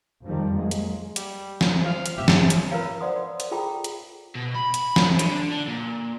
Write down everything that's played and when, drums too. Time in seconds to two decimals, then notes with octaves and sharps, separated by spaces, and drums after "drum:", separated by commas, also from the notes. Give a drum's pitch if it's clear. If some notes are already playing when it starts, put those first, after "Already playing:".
0.24 F2 D#3 F3 G3
0.55 F#3 G#3 A#3
0.71 drum: hi-hat
1.16 G3, drum: hi-hat
1.61 drum: snare
1.84 F3 F5
2.06 drum: hi-hat
2.17 G#1 G2 B2 G4 E5
2.28 drum: snare
2.50 drum: hi-hat
2.71 F4 A#4 B4 C#5 F5 A#5
3.01 C5 D5 F#5 C6 D#6
3.40 drum: hi-hat
3.51 F4 G#4 A4 G5 A#5
3.84 drum: hi-hat
4.36 B2
4.56 B5
4.74 drum: hi-hat
4.96 drum: snare
5.19 D3, drum: hi-hat
5.51 D3
5.67 A#2